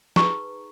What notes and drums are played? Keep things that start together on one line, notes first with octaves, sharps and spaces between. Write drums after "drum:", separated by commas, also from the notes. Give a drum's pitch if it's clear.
D#4 G#4 B4 A#5 C#6, drum: snare